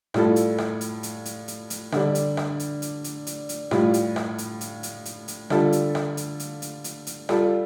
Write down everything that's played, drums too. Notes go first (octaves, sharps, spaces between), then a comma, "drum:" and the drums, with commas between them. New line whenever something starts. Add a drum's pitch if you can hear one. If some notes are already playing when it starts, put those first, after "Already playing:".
A2 G3 F4 A4, drum: rim click
drum: hi-hat
drum: rim click
drum: hi-hat
drum: hi-hat
drum: hi-hat
drum: hi-hat
drum: hi-hat
D3 G3 D4, drum: rim click
drum: hi-hat
drum: rim click
drum: hi-hat
drum: hi-hat
drum: hi-hat
drum: hi-hat
drum: hi-hat
A2 G3 F4, drum: rim click
drum: hi-hat
drum: rim click
drum: hi-hat
drum: hi-hat
drum: hi-hat
drum: hi-hat
drum: hi-hat
D3 G3 F4 A4, drum: rim click
drum: hi-hat
drum: rim click
drum: hi-hat
drum: hi-hat
drum: hi-hat
drum: hi-hat
drum: hi-hat
G3 F4 A4, drum: rim click